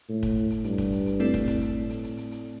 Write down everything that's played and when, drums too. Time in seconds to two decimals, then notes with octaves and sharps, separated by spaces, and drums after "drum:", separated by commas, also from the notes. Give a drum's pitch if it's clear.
0.09 A2
0.23 drum: kick, hi-hat
0.50 drum: hi-hat
0.64 G2, drum: hi-hat
0.78 drum: kick, hi-hat
0.92 drum: hi-hat
1.06 drum: hi-hat
1.20 A3 C4 E4 A4 D5, drum: hi-hat
1.34 drum: kick, hi-hat
1.48 drum: kick, hi-hat
1.62 drum: hi-hat
1.75 A2
1.89 drum: hi-hat
2.03 drum: hi-hat
2.17 drum: hi-hat
2.31 drum: hi-hat